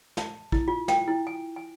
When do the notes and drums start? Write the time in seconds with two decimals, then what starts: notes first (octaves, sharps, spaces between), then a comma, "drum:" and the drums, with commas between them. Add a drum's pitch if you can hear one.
0.17 A5, drum: snare
0.52 E4, drum: kick
0.68 F4
0.88 G5, drum: snare
1.08 E4
1.27 G#5
1.56 G#5